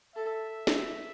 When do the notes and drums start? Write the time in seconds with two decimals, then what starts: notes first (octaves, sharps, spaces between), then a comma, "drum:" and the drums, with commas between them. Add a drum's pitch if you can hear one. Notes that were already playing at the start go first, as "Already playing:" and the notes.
0.16 A4 E5
0.67 drum: snare